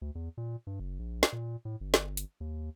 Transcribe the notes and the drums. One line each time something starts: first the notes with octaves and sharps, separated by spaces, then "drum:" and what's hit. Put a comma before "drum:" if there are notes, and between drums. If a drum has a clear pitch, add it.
D2
E2
A#2
G2
F#1
A#1
drum: snare
A#2
A2
G1
drum: snare
drum: hi-hat
D#2